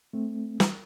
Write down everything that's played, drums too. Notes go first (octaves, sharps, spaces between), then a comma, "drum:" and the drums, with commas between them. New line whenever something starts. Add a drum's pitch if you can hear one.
A3 C4
drum: snare